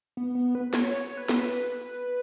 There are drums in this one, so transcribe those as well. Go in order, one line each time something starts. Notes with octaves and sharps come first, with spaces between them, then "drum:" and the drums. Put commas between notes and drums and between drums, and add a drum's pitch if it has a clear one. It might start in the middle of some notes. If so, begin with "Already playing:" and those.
B3
B3
B4
C#5, drum: snare
C#5
C#5
B4
drum: snare
B4